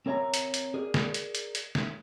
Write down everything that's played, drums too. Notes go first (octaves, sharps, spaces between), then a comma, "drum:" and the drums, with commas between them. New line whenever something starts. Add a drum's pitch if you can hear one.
C4 A#4 C#5 E5 G#5 A#5
drum: hi-hat
drum: hi-hat
G#4 A#4 D5
drum: snare
drum: hi-hat
drum: hi-hat
drum: hi-hat
drum: snare